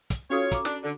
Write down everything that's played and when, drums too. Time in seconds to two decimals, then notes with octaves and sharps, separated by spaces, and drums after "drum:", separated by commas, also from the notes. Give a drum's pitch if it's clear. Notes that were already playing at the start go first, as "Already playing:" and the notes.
0.10 drum: kick, hi-hat
0.30 C#4 F4 F#4 A4 C#5
0.52 A#5 D6, drum: kick, hi-hat
0.65 D4, drum: snare
0.83 D3